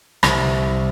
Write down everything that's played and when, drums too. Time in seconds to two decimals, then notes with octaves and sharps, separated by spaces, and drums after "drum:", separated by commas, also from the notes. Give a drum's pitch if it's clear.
0.23 C2, drum: rim click